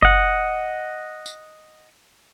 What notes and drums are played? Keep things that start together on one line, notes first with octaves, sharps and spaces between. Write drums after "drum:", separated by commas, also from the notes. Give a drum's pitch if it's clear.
D#5 F#5, drum: kick F#1
drum: tambourine